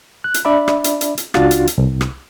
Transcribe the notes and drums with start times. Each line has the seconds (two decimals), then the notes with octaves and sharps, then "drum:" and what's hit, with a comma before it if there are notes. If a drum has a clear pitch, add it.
0.24 F#6
0.34 drum: hi-hat
0.45 D4 D5 E5 B5
0.68 drum: rim click
0.84 drum: hi-hat
1.01 drum: hi-hat
1.17 drum: hi-hat
1.34 C#2 D4 F4 F#4 F5 A6, drum: rim click
1.51 drum: hi-hat
1.67 drum: hi-hat
1.78 C2
2.01 drum: rim click